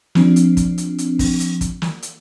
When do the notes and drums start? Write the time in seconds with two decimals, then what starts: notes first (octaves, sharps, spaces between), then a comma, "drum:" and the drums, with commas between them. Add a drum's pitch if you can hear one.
0.15 F3 C4 D4, drum: snare
0.36 drum: hi-hat
0.57 drum: kick, hi-hat
0.78 drum: hi-hat
0.98 drum: hi-hat
1.19 drum: kick, open hi-hat
1.40 drum: hi-hat
1.61 drum: kick, hi-hat
1.82 drum: snare
2.02 drum: hi-hat